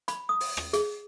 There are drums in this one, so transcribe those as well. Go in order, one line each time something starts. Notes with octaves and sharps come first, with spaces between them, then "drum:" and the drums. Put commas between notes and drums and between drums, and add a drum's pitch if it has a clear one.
B5, drum: hi-hat
D#6
drum: open hi-hat
drum: rim click
G#4, drum: hi-hat